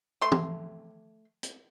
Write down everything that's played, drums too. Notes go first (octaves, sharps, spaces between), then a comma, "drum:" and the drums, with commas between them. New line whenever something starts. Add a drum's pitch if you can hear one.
A3 C6
drum: tom
drum: hi-hat